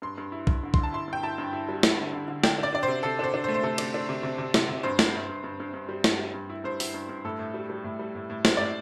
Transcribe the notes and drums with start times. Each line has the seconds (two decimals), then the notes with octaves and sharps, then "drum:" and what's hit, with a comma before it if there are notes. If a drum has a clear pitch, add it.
0.02 G2 C6
0.18 G2
0.32 E4
0.47 G2, drum: kick
0.63 D3
0.74 D3 C6, drum: kick
0.83 A5
0.93 E4 C6
1.08 G2
1.13 G5
1.23 E4 A5
1.38 G2
1.53 E4
1.69 G3
1.83 E4, drum: snare
1.98 D3
2.13 D3
2.28 D3
2.44 D4 G5, drum: snare
2.58 D4 D5
2.73 D4 D5
2.83 C5
2.88 C3
3.03 C3 A4
3.19 D4 C5
3.34 D4
3.44 C5
3.48 A3
3.54 C5
3.63 C3 A4
3.78 D4, drum: cymbal
3.94 D4
4.09 C3
4.23 C3
4.38 C3
4.54 C3, drum: snare
4.68 C3
4.83 G2 C5
4.99 G2, drum: snare
5.13 G2
5.29 G2
5.44 G2
5.60 G2
5.74 G2
5.89 G3
6.04 G2, drum: snare
6.19 G3
6.34 G2
6.50 E4
6.64 G2 C5
6.80 E4, drum: open hi-hat
6.94 G2
7.09 G2
7.24 A2 A4
7.39 A2
7.54 G3
7.70 G3
7.84 A2
7.99 G3
8.15 A2
8.30 A2
8.45 G3 C5, drum: snare
8.57 A2 D5